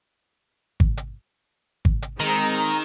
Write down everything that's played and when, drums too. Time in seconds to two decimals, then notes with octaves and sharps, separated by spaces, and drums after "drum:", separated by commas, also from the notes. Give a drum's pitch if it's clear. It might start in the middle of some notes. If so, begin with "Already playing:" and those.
0.80 drum: kick G#1
0.97 drum: hi-hat
1.85 drum: kick G#1
2.02 drum: hi-hat
2.20 D#3 G#3 C4 A#5